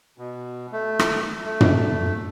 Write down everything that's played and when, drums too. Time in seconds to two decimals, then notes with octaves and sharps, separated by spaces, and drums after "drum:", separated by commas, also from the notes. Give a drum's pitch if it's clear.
0.18 B2
0.72 A3
0.99 drum: rim click
1.45 A3
1.61 drum: tom